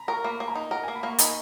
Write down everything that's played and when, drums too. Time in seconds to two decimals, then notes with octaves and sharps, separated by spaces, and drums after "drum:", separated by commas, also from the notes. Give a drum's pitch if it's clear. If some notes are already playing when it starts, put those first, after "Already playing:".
Already playing: A#5 B5
0.08 A#4 C#6
0.24 A#3 B5
0.40 A#3
0.48 A#5
0.55 D#4
0.71 A#4 F#5
0.84 G#5
0.88 A#3
0.95 B5
1.03 A#3 C#6
1.19 D#4 B5, drum: hi-hat